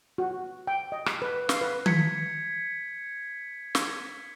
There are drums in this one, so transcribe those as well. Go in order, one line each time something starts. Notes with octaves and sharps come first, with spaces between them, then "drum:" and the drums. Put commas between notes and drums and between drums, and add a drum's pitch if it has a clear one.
F#4
G5
D#5
drum: rim click
B4
F5, drum: snare
B4
G#6 B6 C#7, drum: tom D#3
drum: snare